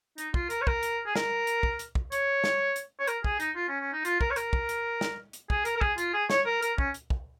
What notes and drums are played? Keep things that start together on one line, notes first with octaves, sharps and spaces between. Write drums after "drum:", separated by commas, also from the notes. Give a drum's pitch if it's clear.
D#4, drum: hi-hat
F4, drum: kick
A#4, drum: hi-hat
C#5
A#4, drum: kick
drum: hi-hat
G#4
A#4, drum: snare
drum: hi-hat
drum: kick
drum: hi-hat
drum: kick
C#5, drum: hi-hat
drum: snare
drum: hi-hat
C#5
A#4, drum: hi-hat
G#4, drum: kick
D#4, drum: hi-hat
F4
C#4
C#4
D#4
F4, drum: hi-hat
A#4, drum: kick
C#5
A#4, drum: hi-hat
drum: kick
drum: hi-hat
drum: snare
drum: hi-hat
G#4, drum: kick
A#4, drum: hi-hat
A#4
G#4, drum: kick
F4, drum: hi-hat
G#4
C#5, drum: snare
A#4
A#4, drum: hi-hat
C#4, drum: kick
drum: hi-hat
drum: kick